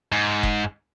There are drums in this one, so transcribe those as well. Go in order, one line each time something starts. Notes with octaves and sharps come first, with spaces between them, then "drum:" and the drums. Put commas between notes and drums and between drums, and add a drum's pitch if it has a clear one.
G#2
drum: kick F#1